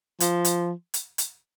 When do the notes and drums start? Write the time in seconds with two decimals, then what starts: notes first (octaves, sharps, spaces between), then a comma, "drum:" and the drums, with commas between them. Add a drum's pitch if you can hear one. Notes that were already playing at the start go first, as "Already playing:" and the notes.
0.20 F3, drum: hi-hat
0.45 drum: hi-hat
0.94 drum: hi-hat
1.18 drum: hi-hat